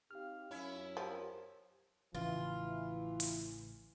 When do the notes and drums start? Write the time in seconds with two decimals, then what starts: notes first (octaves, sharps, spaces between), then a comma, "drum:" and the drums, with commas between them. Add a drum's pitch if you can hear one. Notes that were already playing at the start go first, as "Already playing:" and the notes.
0.11 C4 D#4 G4 F5 F6
0.51 F#2 C#4 E4
0.97 F3 G4 A#4
2.14 A1 C#3 E3 F3 F4
3.20 drum: open hi-hat